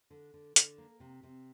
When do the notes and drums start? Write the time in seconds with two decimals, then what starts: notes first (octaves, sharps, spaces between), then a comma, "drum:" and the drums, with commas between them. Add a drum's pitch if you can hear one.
0.10 D3
0.34 D3
0.56 D3, drum: hi-hat
0.78 A#3
1.00 C3
1.23 C3